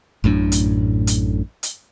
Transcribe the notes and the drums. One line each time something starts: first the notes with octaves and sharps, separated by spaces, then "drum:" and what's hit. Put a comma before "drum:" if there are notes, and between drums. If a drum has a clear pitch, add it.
A1 F#2 A2 D4
drum: hi-hat
drum: hi-hat
drum: hi-hat